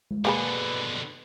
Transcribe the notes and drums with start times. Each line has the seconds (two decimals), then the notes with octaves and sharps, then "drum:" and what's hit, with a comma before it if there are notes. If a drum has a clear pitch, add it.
0.11 drum: tom G#3
0.25 B2 D3 A#3 G#4 B4 B5